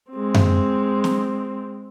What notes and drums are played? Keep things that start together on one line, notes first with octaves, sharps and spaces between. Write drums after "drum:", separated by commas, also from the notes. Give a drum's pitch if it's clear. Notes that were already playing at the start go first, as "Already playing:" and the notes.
G#3 C4
drum: tom F#2
drum: snare